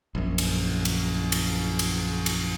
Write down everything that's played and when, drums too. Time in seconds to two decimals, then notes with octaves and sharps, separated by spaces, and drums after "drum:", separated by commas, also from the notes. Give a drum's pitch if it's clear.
0.15 A#1 F#2
0.38 drum: cymbal
0.85 drum: cymbal
1.32 drum: cymbal
1.79 drum: cymbal
2.26 drum: cymbal